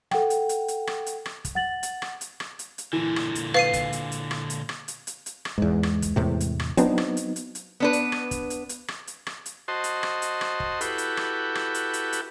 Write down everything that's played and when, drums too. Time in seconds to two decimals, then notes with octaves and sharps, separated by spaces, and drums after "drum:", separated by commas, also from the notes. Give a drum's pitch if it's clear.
0.11 A4 F#5 G5, drum: rim click
0.30 drum: hi-hat
0.49 drum: hi-hat
0.68 drum: hi-hat
0.87 drum: rim click
1.06 drum: hi-hat
1.26 drum: rim click
1.45 drum: kick, hi-hat
1.55 F#5 A6 F#7
1.83 drum: hi-hat
2.02 drum: rim click
2.21 drum: hi-hat
2.40 drum: rim click
2.59 drum: hi-hat
2.78 drum: hi-hat
2.93 A#2 D3 E3
3.16 drum: rim click
3.35 drum: hi-hat
3.54 B4 F5 C7 D#7, drum: rim click
3.73 drum: kick, hi-hat
3.93 drum: hi-hat
4.12 drum: hi-hat
4.31 drum: rim click
4.50 drum: hi-hat
4.69 drum: rim click
4.88 drum: hi-hat
5.07 drum: hi-hat
5.26 drum: hi-hat
5.45 drum: rim click
5.58 E2 G#2 G#3
5.83 drum: rim click
6.02 drum: kick, hi-hat
6.16 E2 A2 C3
6.40 drum: hi-hat
6.60 drum: rim click
6.77 F#3 B3 C4 D4 D#4, drum: hi-hat
6.98 drum: rim click
7.17 drum: hi-hat
7.36 drum: hi-hat
7.55 drum: hi-hat
7.80 B3 D4 B4
7.93 drum: hi-hat
8.12 drum: rim click
8.31 drum: kick, hi-hat
8.50 drum: hi-hat
8.69 drum: hi-hat
8.88 drum: rim click
9.07 drum: hi-hat
9.27 drum: rim click
9.46 drum: hi-hat
9.68 F#4 C5 D#5 A5 C6
9.84 drum: hi-hat
10.03 drum: rim click
10.22 drum: hi-hat
10.41 drum: rim click
10.60 drum: kick
10.81 E4 F#4 G4 A4 B4, drum: hi-hat
10.98 drum: hi-hat
11.17 drum: rim click
11.55 drum: rim click
11.74 drum: hi-hat
11.94 drum: hi-hat
12.13 drum: hi-hat